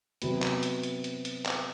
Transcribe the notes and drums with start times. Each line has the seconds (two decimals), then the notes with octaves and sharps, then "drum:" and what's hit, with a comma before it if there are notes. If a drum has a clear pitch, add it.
0.22 C3 F#3 B3, drum: hi-hat
0.42 drum: clap
0.63 drum: hi-hat
0.83 drum: hi-hat
1.04 drum: hi-hat
1.25 drum: hi-hat
1.46 drum: clap